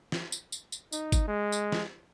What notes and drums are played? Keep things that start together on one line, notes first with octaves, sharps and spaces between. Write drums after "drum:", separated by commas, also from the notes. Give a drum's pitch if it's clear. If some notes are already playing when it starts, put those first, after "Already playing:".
drum: snare
drum: tambourine
drum: tambourine
drum: tambourine
D#4, drum: tambourine
drum: kick G1, tambourine
G#3
drum: tambourine
drum: snare